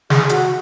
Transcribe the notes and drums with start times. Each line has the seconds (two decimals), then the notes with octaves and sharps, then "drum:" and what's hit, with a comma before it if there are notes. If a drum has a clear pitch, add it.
0.10 G#4, drum: snare
0.29 F#4, drum: hi-hat